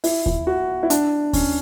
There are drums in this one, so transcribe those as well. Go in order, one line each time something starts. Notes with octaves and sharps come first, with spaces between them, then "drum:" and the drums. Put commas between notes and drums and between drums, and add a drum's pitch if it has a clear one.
E4, drum: open hi-hat
E4, drum: kick D#2
F#4
E4
D4, drum: hi-hat
C#4, drum: kick D#2, open hi-hat